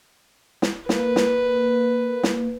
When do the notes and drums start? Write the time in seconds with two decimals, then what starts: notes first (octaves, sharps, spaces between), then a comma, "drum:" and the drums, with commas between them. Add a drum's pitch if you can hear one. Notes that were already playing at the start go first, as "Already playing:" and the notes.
0.62 drum: snare
0.89 A#3 B4, drum: snare
1.16 drum: snare
2.23 drum: snare